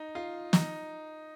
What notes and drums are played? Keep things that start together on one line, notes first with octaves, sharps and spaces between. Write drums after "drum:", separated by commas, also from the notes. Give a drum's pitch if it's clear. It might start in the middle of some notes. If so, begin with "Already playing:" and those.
Already playing: D#4
F4
D#4, drum: snare